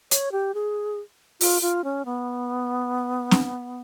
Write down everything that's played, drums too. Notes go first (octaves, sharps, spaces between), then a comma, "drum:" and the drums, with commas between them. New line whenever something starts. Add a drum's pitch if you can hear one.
C#5, drum: hi-hat
G4
G#4
F4, drum: open hi-hat
F4
C#4
B3
drum: snare C4